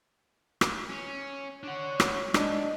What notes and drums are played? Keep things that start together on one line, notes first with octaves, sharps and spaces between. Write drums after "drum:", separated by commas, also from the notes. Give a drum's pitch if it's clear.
drum: rim click
C#4
D4 C#5 F#5
drum: rim click
G#2 D4 D#5, drum: rim click